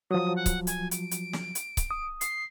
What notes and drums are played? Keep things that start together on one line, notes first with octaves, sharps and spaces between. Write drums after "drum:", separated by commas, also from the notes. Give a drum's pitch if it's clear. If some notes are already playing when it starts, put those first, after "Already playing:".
F3 F#3 D#6
F#5
drum: kick C#1, hi-hat
G#5, drum: hi-hat
D7, drum: hi-hat
drum: hi-hat
drum: snare
drum: hi-hat
drum: kick C#1, hi-hat
D#6
C7, drum: hi-hat